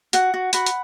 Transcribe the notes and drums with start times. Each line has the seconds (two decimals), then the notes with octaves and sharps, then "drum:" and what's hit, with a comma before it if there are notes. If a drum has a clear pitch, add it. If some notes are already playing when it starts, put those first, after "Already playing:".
0.13 F#4 F#5, drum: hi-hat
0.34 F#4
0.53 F#4 F#5 B5, drum: hi-hat
0.66 drum: hi-hat